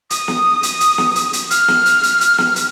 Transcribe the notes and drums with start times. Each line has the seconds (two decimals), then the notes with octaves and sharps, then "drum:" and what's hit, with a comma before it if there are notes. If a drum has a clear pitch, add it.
0.10 D#6, drum: hi-hat
0.28 drum: snare
0.63 drum: hi-hat
0.80 drum: hi-hat
0.98 drum: snare
1.16 drum: hi-hat
1.33 drum: hi-hat
1.51 F6, drum: hi-hat
1.68 drum: snare
1.86 drum: hi-hat
2.03 drum: hi-hat
2.21 drum: hi-hat
2.38 drum: snare
2.56 drum: hi-hat